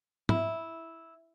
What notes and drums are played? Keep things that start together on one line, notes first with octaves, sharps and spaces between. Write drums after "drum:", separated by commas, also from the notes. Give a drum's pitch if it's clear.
E4, drum: tom